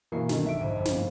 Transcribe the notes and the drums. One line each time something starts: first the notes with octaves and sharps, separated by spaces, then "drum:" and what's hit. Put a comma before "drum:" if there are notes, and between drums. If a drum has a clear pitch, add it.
G1 B2 E3 A#3 C#6 C7
D3 D#3 F#3, drum: snare
B1 D4 E5 D7
F2 G#2 D3
A#1 G2
drum: snare